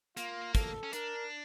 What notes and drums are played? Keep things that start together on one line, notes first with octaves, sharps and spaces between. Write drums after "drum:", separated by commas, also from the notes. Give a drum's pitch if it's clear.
A#3 F4, drum: hi-hat
A4, drum: kick, hi-hat
C#4
D4 A#4, drum: hi-hat